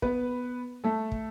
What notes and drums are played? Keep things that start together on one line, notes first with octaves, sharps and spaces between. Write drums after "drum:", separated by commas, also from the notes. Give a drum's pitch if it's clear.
B3 B4, drum: kick
A3 A4
drum: kick